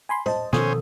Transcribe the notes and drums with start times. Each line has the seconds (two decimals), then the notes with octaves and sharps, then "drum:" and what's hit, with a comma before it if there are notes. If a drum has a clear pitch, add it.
0.09 G#5 B5 C6
0.26 C5 D#5 A5, drum: tom A2
0.53 B2 D#3 F3 C#4 A4 C5 D#6, drum: snare